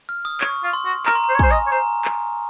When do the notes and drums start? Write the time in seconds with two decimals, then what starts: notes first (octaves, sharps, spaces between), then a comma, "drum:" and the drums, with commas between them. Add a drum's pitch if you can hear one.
0.09 F6
0.25 D#6
0.41 C#5 C#6, drum: clap
0.63 F4
0.73 C6
0.85 F#4
1.06 A#4 A#5, drum: clap
1.15 C6
1.24 A#5
1.29 C5
1.35 C#5
1.39 C5 G#5, drum: kick
1.51 D#5
1.67 C#5
1.72 C5 A#5
2.05 drum: clap